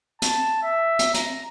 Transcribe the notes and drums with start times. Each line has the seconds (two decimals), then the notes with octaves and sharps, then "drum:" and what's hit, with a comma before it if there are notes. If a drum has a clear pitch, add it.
0.22 A5, drum: hi-hat
0.63 E5
0.99 drum: hi-hat
1.14 A#5, drum: hi-hat